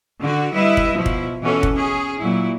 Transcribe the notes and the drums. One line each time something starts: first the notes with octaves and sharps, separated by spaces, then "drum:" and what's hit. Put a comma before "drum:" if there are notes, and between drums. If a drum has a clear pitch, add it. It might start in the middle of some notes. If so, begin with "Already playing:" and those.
D3 F#4
G3 E4 B4 D#5 E5
drum: kick
B2 F3 E4
drum: kick
B2 E3 C#4 F#4 A4
drum: kick
C#4 G#4
A#2 F#3 E4